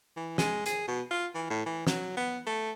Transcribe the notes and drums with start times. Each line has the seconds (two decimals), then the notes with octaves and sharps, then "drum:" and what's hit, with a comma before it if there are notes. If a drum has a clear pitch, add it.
0.16 E3
0.38 G#3, drum: snare
0.66 G#4, drum: hi-hat
0.87 B2
1.10 F4
1.34 E3
1.50 A2
1.66 E3
1.87 F#3, drum: snare
2.16 B3
2.46 A3